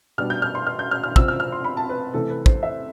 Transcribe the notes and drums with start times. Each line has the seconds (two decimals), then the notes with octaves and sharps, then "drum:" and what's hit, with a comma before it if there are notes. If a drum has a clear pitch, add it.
0.18 B2 G3 D4 F6
0.30 G6
0.42 F6
0.55 C6
0.67 F6
0.79 G6
0.91 F6
1.03 F6
1.16 C3 F3 C4 E6, drum: kick
1.28 F6
1.40 F6
1.52 C6
1.64 B5
1.77 A5
1.89 B4
2.13 C3 E3 A3 A4
2.30 B4
2.46 C5, drum: kick
2.63 E5